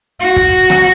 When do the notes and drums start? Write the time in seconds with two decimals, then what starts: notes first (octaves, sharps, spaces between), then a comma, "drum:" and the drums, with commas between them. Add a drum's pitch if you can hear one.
0.20 F#4
0.36 drum: kick
0.70 drum: rim click